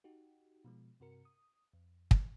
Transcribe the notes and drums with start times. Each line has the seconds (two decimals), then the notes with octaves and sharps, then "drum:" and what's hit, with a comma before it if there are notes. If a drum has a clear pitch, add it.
0.04 D#4 F#4 G4
0.65 B2 F3 G#3
1.00 G2 C3 F#4 A#4 C#7
1.25 D#6
1.73 F2
2.11 drum: kick